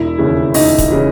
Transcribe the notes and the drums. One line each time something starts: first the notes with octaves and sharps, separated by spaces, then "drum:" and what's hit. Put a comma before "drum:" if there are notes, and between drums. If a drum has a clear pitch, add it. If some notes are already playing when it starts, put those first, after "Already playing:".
Already playing: E1 E4 E5
D#2 C#3 E3
E1 D#4 D#5, drum: open hi-hat
drum: kick, hi-hat
C#3 E3